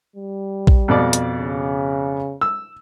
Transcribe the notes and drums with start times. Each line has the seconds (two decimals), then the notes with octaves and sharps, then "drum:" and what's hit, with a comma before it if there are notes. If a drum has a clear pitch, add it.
0.16 G3
0.67 drum: kick
0.88 F2 B2 D5
1.13 drum: hi-hat
1.39 C#3
2.41 E6